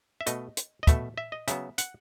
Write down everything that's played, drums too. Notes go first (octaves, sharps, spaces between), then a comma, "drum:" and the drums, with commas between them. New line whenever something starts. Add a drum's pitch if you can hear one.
E5
B2 A3 D#5, drum: hi-hat
drum: hi-hat
D#5
B2 A3 E5, drum: kick, hi-hat
E5
D#5
C#3 F#3 B3 E5, drum: hi-hat
F#5, drum: hi-hat